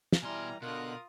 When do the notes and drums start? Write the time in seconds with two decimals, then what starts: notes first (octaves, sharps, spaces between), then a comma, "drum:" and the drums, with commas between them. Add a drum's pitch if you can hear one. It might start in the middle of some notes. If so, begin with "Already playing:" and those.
0.13 drum: snare
0.22 B2 E3 G3 G#5 A#5 C6 F6
0.62 B2 D3 F4 A#4 D#6 F#6